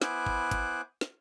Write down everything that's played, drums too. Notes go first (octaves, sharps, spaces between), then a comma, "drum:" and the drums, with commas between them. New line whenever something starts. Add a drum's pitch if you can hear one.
B3 E4 C5 G#5 D6 F#6, drum: snare
drum: kick
drum: kick, hi-hat
drum: snare